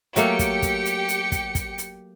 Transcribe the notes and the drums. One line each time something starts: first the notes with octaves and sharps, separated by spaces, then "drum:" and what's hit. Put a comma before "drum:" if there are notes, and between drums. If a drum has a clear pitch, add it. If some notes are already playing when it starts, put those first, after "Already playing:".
F#3 A3 A#3 G4 G5 C#7, drum: hi-hat
drum: kick, hi-hat
drum: kick, hi-hat
drum: hi-hat
drum: hi-hat
drum: kick, hi-hat
drum: kick, hi-hat
drum: hi-hat